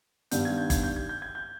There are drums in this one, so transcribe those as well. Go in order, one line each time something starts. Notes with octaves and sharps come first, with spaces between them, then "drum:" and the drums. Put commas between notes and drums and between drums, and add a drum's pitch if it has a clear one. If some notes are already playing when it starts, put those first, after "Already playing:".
G2 D#3 G3 B3 G6, drum: hi-hat
G#6
G6
G#6, drum: kick G1, hi-hat
G6
G#6
G6
G#6
G6